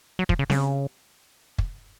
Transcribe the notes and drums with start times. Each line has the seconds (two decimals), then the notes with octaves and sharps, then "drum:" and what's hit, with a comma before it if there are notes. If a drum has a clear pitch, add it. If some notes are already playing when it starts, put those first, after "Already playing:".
0.19 F#3
0.29 F3, drum: kick
0.39 C#3
0.50 C#3, drum: snare C4
1.58 drum: kick